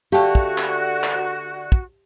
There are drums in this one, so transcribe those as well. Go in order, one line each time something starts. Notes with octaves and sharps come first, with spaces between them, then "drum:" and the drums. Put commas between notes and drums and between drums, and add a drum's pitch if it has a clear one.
D3 A3 F#4 G4 F5 G5 A5
drum: kick
drum: clap
drum: clap
drum: kick